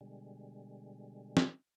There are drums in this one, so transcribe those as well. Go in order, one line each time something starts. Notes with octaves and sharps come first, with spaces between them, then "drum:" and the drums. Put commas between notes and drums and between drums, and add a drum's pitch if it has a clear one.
B2 D3 G3 G#3
drum: snare